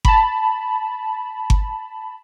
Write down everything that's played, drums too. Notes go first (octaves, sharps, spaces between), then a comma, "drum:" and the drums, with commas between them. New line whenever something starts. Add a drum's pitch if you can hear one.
A5 B5, drum: kick G1
drum: kick G1